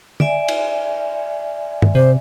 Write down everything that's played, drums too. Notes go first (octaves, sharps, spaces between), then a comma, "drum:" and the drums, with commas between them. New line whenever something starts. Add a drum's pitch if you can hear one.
D5 E5 G#5, drum: tom
drum: cymbal
drum: tom G2
C3 C5